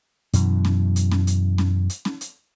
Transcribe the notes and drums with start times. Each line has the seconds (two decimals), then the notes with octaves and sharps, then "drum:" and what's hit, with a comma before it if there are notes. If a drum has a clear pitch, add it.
0.33 F#2 B2 E3, drum: hi-hat
0.65 drum: snare C#4
0.96 drum: hi-hat
1.11 drum: snare C#4
1.27 drum: hi-hat
1.58 drum: snare C#4
1.90 drum: hi-hat
2.05 drum: snare C#4
2.21 drum: hi-hat